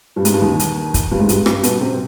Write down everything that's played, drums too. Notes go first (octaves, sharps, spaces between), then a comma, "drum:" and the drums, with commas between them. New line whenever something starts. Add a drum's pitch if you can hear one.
G2 G3
G#2 G#3, drum: hi-hat
G2 G3
D#2 D#3
drum: hi-hat
drum: kick, hi-hat
G2 G3
G#2 G#3
G2 G3, drum: hi-hat
G2 G3, drum: rim click
B2 B3, drum: hi-hat
C3 C4